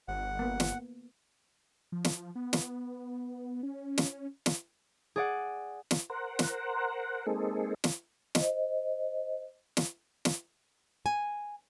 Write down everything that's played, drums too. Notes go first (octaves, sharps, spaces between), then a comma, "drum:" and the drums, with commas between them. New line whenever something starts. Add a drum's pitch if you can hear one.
G1 F#5
A#3 B3
drum: snare
F3
drum: snare
B3
drum: snare
C#4
drum: snare
drum: snare
G#4 D5 F#5
drum: snare
A#4 C5 F#5
drum: snare
G#3 A#3 C4 D#4 G#4 A4
drum: snare
C5 D#5, drum: snare
drum: snare
drum: snare
G#5